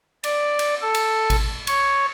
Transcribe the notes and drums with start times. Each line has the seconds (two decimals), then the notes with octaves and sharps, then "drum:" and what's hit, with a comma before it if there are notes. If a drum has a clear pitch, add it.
0.24 D5, drum: cymbal
0.59 drum: cymbal
0.82 A4
0.94 drum: cymbal
1.30 drum: kick G#1, cymbal
1.67 C#5, drum: cymbal